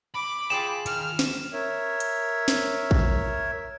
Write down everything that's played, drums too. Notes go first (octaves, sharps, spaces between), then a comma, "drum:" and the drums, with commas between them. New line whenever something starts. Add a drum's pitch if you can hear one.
B5 D6
F4 G#4 G5 E7
D#3 F6, drum: hi-hat
drum: snare
A#4 C#5 E5
drum: hi-hat
drum: snare
drum: kick A1